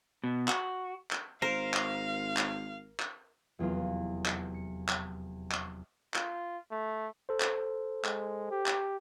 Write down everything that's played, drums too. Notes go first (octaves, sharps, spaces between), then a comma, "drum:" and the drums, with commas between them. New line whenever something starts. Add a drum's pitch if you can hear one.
B2
F#4, drum: clap
drum: clap
G#1 A#4 C5 F5
drum: clap
drum: clap
drum: clap
F1 E2 F#3 F4
drum: clap
C#7
drum: clap
drum: clap
F4, drum: clap
A3
A4 C5
drum: clap
G#3, drum: clap
G4
drum: clap